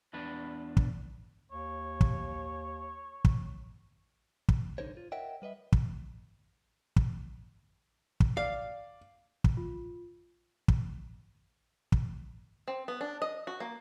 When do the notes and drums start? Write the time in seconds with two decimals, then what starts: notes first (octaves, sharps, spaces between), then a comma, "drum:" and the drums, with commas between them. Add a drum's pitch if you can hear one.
0.14 E2 D4 B4
0.77 drum: kick
1.51 D#2 C#5
2.01 drum: kick
3.25 drum: kick
4.49 drum: kick
4.78 C2 D3 D#4 A#4 C5 C#5
4.97 F4
5.12 A#4 C#5 D#5 E5 F#5 G5
5.42 G3 B4 D#5 E5
5.72 drum: kick
6.96 drum: kick
8.20 drum: kick
8.37 D5 F5
9.44 drum: kick
9.57 F4
10.68 drum: kick
11.92 drum: kick
12.68 C4
12.88 B3
13.01 D4
13.22 D#5
13.47 F#4
13.60 A#3